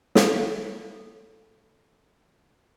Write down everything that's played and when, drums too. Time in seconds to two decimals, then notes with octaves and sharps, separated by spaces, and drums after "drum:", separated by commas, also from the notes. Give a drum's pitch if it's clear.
0.15 A4 F5, drum: snare